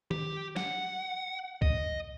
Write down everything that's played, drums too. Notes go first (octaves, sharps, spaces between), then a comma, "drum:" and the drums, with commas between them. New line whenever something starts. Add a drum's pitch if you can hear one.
G4, drum: tom D#3
F#5, drum: snare
D#5, drum: kick